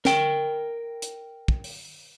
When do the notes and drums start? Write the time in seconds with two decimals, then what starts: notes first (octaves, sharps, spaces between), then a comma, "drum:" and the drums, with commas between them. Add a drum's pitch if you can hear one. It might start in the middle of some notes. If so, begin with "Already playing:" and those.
0.05 A#4 G5, drum: snare
1.02 drum: hi-hat
1.48 drum: kick
1.64 drum: open hi-hat